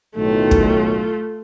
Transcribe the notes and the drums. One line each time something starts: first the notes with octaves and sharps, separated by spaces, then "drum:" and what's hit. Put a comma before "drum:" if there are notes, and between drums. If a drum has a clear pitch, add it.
B1 A2 D#3 A3 F4
drum: kick